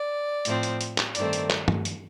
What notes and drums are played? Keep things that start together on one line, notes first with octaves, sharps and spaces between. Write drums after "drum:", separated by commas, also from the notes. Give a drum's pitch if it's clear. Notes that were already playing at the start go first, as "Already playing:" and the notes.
Already playing: D5
A2 F3 C4, drum: hi-hat
drum: hi-hat
drum: hi-hat
drum: clap
G2 D#3 A3 C4 D5, drum: hi-hat
drum: hi-hat
drum: clap
drum: tom G2
drum: hi-hat